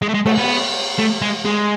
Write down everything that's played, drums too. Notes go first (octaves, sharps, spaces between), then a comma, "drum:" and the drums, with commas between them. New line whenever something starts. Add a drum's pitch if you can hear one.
G#3
A3
G#3
A3, drum: cymbal
B3
A3
G#3
G#3